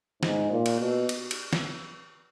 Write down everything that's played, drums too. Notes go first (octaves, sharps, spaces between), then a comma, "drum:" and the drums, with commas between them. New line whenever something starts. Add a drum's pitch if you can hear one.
G#2, drum: snare
A#2
drum: cymbal
B2
drum: cymbal
drum: cymbal
drum: snare